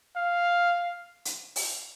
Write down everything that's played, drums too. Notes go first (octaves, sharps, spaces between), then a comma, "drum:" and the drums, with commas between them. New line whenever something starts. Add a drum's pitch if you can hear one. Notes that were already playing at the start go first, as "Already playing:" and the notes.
F5
drum: hi-hat
drum: open hi-hat